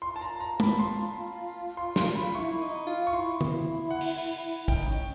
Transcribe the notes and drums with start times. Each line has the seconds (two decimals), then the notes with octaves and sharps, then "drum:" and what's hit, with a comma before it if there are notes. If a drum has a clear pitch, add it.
0.02 F4 C6
0.16 A5
0.21 A#5
0.40 A#5
0.60 B5, drum: tom
0.79 C6
1.77 C6
1.96 C6, drum: snare
2.15 B5
2.35 E4 C#6
2.61 D#4
2.87 F4
3.07 C#6
3.13 E4 C6
3.41 drum: tom
3.90 F#5
4.01 drum: open hi-hat
4.68 D#4 G5, drum: kick
4.87 C#4